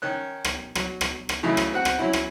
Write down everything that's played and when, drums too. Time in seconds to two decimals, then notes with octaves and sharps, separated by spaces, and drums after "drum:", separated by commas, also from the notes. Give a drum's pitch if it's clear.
0.02 D#3 C#4 F#6
0.44 drum: rim click
0.75 F#3, drum: rim click
1.01 drum: rim click
1.29 drum: rim click
1.43 C#3 E3 F#3 A3 D#4 E4
1.57 drum: rim click
1.73 C4 F#4 F#5
1.85 drum: rim click
1.99 F#3 C#4 E4
2.13 drum: rim click